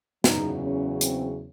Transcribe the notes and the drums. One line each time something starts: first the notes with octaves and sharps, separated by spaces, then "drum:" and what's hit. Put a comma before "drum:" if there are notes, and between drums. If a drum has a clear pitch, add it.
E2 C#3 F#3 D#4, drum: snare
C#4
C4, drum: hi-hat